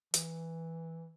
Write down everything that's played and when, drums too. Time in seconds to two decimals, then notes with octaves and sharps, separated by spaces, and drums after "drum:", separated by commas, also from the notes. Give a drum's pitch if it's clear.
0.14 E3, drum: hi-hat